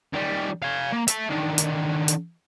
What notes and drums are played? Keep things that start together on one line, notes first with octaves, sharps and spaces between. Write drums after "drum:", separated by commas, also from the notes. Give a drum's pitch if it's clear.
D#3 G3
F5 G#5
A#3
E5 A5, drum: hi-hat
D3 D#3
drum: hi-hat
drum: hi-hat